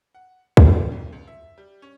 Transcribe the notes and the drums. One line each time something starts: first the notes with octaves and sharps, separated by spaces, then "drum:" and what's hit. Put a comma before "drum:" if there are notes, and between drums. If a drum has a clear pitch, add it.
F#5
D7, drum: kick
B1
C#2
E5
G3
C#4